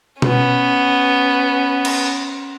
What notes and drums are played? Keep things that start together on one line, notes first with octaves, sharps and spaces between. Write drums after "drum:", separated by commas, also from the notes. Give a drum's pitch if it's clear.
B3 C#4, drum: tom B2
drum: cymbal